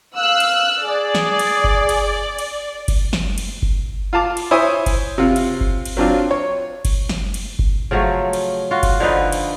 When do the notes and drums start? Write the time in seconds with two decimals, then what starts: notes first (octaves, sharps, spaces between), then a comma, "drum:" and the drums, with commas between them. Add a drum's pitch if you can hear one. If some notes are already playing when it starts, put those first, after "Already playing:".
0.15 F5 E6 F#6
0.40 drum: cymbal
0.81 G#4 D5
1.15 drum: snare
1.39 drum: cymbal
1.64 drum: kick F#1
1.89 drum: cymbal
2.39 drum: cymbal
2.88 drum: kick F#1, cymbal
3.13 drum: snare
3.38 drum: cymbal
3.62 drum: kick F#1
4.13 F4 F5 A5 D6
4.37 drum: cymbal
4.51 E4 C5 C#5 G#5 D#6
4.86 drum: kick F#1, cymbal
5.18 C3 F4
5.36 drum: cymbal
5.61 drum: kick F#1
5.85 drum: cymbal
5.97 F#3 C4 D4 F4
6.31 C#5
6.85 drum: kick F#1, cymbal
7.09 drum: snare
7.34 drum: cymbal
7.59 drum: kick F#1
7.91 C#3 F3 F#3 A3
8.33 drum: cymbal
8.71 F4 F#4
8.83 drum: kick F#1, cymbal
9.00 D3 F3 D#4 B4
9.32 drum: cymbal